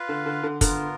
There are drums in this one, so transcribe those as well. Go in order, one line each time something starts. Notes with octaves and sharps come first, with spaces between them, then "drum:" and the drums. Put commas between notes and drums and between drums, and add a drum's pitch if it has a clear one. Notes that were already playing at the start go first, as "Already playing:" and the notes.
Already playing: F4 B4 F5
D3
D3
D3
D3 B3 F4 A#4, drum: kick, hi-hat